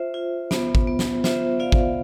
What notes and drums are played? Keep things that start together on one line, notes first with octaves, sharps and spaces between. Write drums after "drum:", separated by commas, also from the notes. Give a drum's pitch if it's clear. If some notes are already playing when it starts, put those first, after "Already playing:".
Already playing: F4 C5 E5
F4
B3, drum: snare
drum: kick G#1
B3
drum: snare
F4 C5 E5, drum: snare
F4 D5 F5
drum: kick G#1